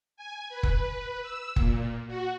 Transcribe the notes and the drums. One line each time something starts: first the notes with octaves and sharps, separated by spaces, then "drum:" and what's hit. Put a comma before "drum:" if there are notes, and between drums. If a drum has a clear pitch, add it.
G#5
B4
drum: kick
E6
A#2, drum: kick
F#4